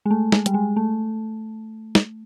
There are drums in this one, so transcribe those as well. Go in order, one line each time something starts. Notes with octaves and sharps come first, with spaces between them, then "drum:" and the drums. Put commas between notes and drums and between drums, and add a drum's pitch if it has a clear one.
G#3
A3
G#3, drum: snare
G3, drum: hi-hat
G#3
A3
drum: snare